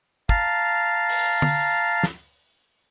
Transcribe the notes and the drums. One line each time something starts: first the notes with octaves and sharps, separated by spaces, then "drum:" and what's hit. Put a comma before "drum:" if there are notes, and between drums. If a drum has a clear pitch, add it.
F5 A5 A#5, drum: kick
drum: open hi-hat
drum: tom
drum: snare